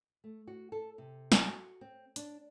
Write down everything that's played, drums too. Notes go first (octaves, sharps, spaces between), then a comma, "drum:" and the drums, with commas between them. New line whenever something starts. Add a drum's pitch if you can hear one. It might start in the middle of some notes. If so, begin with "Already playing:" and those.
A3
F#4
A4
C3
drum: snare
F#4
C4
D4, drum: hi-hat